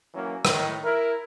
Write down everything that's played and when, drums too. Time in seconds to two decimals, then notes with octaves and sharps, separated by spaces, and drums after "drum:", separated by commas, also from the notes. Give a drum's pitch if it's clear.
0.14 E3 F#3 A#3 C#4
0.45 A2 D#3, drum: rim click
0.82 E4 A#4